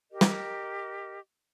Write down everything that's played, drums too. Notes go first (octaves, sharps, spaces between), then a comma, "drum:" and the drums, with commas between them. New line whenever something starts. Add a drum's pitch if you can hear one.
G4 A#4 D#5
drum: snare